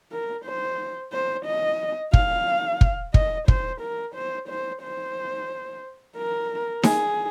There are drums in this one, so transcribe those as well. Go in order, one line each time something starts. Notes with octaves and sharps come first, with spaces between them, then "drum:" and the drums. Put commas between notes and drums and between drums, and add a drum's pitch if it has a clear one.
A#4
C5
C5
D#5
F5, drum: kick
drum: kick
D#5, drum: kick
C5, drum: kick
A#4
C5
C5
C5
A#4
G#4, drum: snare D#4